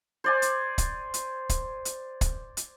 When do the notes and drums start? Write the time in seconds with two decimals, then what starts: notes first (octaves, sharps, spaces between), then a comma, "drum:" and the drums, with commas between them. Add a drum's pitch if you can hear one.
0.24 C5 D5 G#5
0.42 drum: hi-hat
0.78 drum: kick, hi-hat
1.14 drum: hi-hat
1.49 drum: kick, hi-hat
1.85 drum: hi-hat
2.21 drum: kick, hi-hat
2.57 drum: hi-hat